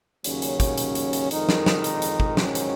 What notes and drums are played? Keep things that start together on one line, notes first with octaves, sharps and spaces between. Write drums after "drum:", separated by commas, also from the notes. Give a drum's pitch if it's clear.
D#2 C#3 F#3 C#4, drum: hi-hat
drum: hi-hat
drum: kick, hi-hat
drum: hi-hat
drum: hi-hat
drum: hi-hat
F2 D#3 G#3 D#4 A#4, drum: hi-hat
drum: snare
drum: snare
drum: hi-hat
drum: hi-hat
drum: kick
G#2 D#3 F#3 C#4, drum: snare
drum: hi-hat